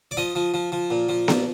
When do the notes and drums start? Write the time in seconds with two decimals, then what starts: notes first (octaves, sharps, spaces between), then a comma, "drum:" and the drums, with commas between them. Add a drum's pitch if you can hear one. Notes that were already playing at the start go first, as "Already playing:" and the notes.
0.11 D5
0.17 F3 D#5
0.35 F3
0.54 F3
0.72 F3
0.91 A#2
1.09 F3
1.28 A#2, drum: snare B3